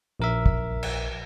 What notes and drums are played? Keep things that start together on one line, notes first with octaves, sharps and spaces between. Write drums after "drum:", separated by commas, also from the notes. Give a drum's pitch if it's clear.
A#1 A#4 E5
drum: kick
drum: cymbal